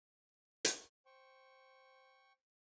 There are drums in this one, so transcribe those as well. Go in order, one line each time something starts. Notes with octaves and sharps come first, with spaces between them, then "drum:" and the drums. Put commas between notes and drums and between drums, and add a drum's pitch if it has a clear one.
drum: hi-hat
C5 G5 C#6